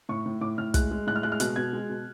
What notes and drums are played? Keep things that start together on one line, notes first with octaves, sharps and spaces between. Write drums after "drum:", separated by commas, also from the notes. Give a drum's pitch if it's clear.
A2 C#6
A2
A2 D6
A2 F6
G#3 F#6, drum: kick, hi-hat
G#3
A2 F#6
F6
G#3 F#6
F6
B2 F#6, drum: hi-hat
B2 G#6
G#3
B2